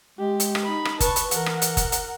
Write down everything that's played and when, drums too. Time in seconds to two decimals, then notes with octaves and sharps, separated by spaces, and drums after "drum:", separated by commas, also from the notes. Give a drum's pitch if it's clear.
0.19 G#3 G4
0.40 drum: hi-hat
0.55 drum: rim click
0.64 D#4 B5
0.85 drum: rim click
1.00 B4 A5 C#6, drum: kick F#1, hi-hat
1.16 drum: hi-hat
1.31 E3 A#4 F#5, drum: hi-hat
1.46 drum: rim click
1.62 drum: hi-hat
1.77 drum: kick F#1, hi-hat
1.92 drum: hi-hat